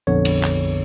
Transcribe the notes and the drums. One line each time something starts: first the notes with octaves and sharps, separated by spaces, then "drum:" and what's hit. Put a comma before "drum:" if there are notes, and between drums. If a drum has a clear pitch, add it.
A#1 F2 D3 B3 C#5
drum: cymbal
drum: clap